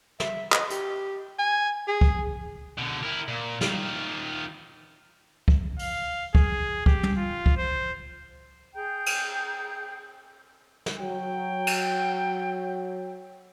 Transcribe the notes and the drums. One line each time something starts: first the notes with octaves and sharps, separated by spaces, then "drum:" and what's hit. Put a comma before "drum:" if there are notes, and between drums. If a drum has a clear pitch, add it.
E5, drum: snare
D#5, drum: clap
G4, drum: hi-hat
G#5
G#4
drum: kick C#2
B2 D3
E4 A#4
A#2
D#3 F4, drum: snare
drum: kick C#2
F5, drum: open hi-hat
G#4, drum: kick C#2
G4, drum: kick C#2
drum: tom
F4
drum: kick C#2
C5
G#4 G5 A#5 G6
drum: cymbal
drum: snare
F#3 G5
drum: cymbal